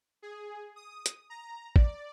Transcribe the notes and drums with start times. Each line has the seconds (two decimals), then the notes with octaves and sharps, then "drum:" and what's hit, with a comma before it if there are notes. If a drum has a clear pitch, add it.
0.22 G#4
0.76 D#6
1.06 drum: hi-hat
1.30 A#5
1.76 D5, drum: kick